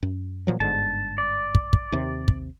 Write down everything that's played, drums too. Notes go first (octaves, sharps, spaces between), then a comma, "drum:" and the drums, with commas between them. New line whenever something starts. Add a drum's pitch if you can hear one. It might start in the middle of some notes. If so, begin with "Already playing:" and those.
F#2
A#2 F3 F#3
G1 G#2 D3 A5
D5
drum: kick
drum: kick
D#2 C3
drum: kick